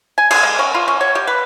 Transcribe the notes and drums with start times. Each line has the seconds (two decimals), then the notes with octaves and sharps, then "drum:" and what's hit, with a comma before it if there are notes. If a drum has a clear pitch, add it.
0.18 G#5
0.31 G#4, drum: cymbal
0.43 G#3
0.59 C#4
0.75 F4
0.88 C#4
1.01 C#5
1.15 G4
1.27 B4